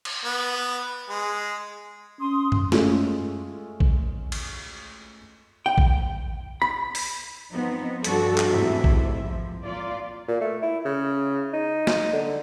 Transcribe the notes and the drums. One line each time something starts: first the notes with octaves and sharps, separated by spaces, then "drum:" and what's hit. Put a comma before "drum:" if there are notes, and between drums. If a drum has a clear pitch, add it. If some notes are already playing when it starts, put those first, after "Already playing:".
drum: cymbal
B3
G#3
C#4 C6 D#6
drum: tom F#2
G#3 A3 C#4 F4 A4, drum: snare
drum: kick A#1
drum: cymbal
G5
drum: kick A#1
B5
drum: open hi-hat
F3 B3 C4 D#4
G2 F3 G3 D4 F#4 A4, drum: hi-hat
drum: clap
E2 G#2 C3 G#3 A3 E4
drum: kick A#1
F3
A#2 F4 D5
A#2
A3
E4
C#3
D#4
drum: snare
D3